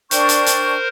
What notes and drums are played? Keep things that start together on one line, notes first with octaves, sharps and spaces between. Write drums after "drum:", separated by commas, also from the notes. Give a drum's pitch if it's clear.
D4 A#4 C5 G5 C#6, drum: hi-hat
drum: hi-hat
drum: hi-hat